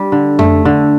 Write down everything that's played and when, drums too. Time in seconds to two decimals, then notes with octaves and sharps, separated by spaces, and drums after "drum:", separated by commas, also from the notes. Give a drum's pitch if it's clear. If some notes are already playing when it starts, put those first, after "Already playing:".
Already playing: G3 D4
0.12 D3
0.39 A3, drum: tom F2
0.65 D3